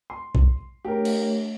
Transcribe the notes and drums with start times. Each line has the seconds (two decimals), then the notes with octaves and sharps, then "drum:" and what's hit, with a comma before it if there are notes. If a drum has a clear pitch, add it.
0.10 C6
0.35 drum: kick B1
0.85 A3 D4 G4 A#4 C#5
1.05 drum: cymbal